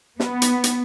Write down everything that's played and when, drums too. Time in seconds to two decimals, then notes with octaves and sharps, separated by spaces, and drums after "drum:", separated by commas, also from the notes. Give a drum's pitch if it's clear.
0.20 B3, drum: snare
0.42 drum: hi-hat
0.64 drum: hi-hat